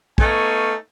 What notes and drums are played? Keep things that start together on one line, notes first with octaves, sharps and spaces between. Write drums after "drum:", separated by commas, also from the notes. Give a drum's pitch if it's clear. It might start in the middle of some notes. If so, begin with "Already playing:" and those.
A3 B3 D#4 C#5 F5 G#5, drum: kick